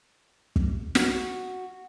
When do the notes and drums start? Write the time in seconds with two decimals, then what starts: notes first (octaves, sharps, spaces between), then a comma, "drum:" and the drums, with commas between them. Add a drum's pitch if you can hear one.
0.56 drum: kick
0.95 F#4, drum: snare